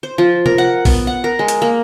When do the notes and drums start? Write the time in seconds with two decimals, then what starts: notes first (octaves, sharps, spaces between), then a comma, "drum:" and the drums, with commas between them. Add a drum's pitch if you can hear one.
0.03 C5
0.18 F3
0.46 A#4, drum: tom C3
0.58 F#5
0.85 B3, drum: kick A#1, open hi-hat
1.07 F#5
1.24 A#4
1.39 G#3
1.48 drum: hi-hat
1.62 A#3